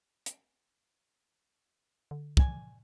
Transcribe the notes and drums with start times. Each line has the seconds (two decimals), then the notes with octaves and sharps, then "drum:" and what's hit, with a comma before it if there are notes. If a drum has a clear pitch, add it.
0.26 drum: hi-hat
2.11 D3
2.37 D5 G#5, drum: kick